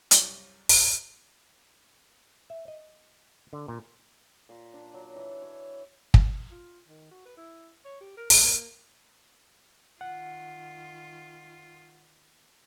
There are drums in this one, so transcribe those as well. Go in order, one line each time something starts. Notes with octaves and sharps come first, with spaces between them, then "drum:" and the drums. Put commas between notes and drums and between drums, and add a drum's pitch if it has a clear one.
C2 F#2 C#4 G4 D5 C6, drum: hi-hat
drum: open hi-hat
E5
D#5
D3
A#2
A#2
D4
F#3
E3
C#5
drum: kick
F4
D#3
F#4
B4
E4
C#5
G4
A#4
G#3, drum: open hi-hat
A#3
D#3 F4 F#5